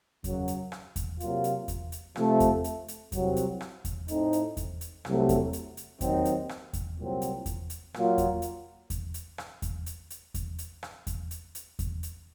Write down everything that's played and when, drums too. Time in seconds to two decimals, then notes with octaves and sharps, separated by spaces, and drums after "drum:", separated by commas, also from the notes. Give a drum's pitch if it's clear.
0.24 F#2 C#3 F#3, drum: kick E2, hi-hat
0.48 drum: hi-hat
0.72 drum: rim click
0.96 drum: kick E2, hi-hat
1.20 C3 F#3 A#3 F4, drum: hi-hat
1.44 drum: hi-hat
1.68 drum: kick E2, hi-hat
1.92 drum: hi-hat
2.16 C3 F3 A3 C4, drum: rim click
2.40 drum: kick E2, hi-hat
2.64 drum: hi-hat
2.88 drum: hi-hat
3.12 C2 C3 F#3 C4, drum: kick E2, hi-hat
3.36 drum: hi-hat
3.61 drum: rim click
3.85 drum: kick E2, hi-hat
4.08 A2 A3 C4 D#4, drum: hi-hat
4.33 drum: hi-hat
4.57 drum: kick E2, hi-hat
4.81 drum: hi-hat
5.05 C2 C3 F#3 A3, drum: rim click
5.29 drum: kick E2, hi-hat
5.53 drum: hi-hat
5.77 drum: hi-hat
6.01 D#2 D#3 F#3 C4 D#4, drum: kick E2, hi-hat
6.25 drum: hi-hat
6.49 drum: rim click
6.73 drum: kick E2, hi-hat
6.98 C2 A#2 F#3 C4
7.22 drum: hi-hat
7.46 drum: kick E2, hi-hat
7.70 drum: hi-hat
7.94 A#2 F#3 A#3 F4, drum: rim click
8.18 drum: kick E2, hi-hat
8.42 drum: hi-hat
8.90 drum: kick E2, hi-hat
9.14 drum: hi-hat
9.38 drum: rim click
9.62 drum: kick E2, hi-hat
9.86 drum: hi-hat
10.10 drum: hi-hat
10.34 drum: kick E2, hi-hat
10.59 drum: hi-hat
10.83 drum: rim click
11.07 drum: kick E2, hi-hat
11.31 drum: hi-hat
11.55 drum: hi-hat
11.79 drum: kick E2, hi-hat
12.03 drum: hi-hat